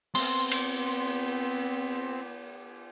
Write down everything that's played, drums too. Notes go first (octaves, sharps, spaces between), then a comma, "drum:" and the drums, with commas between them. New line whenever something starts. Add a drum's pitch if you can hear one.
B3 C4 C6, drum: open hi-hat
drum: cymbal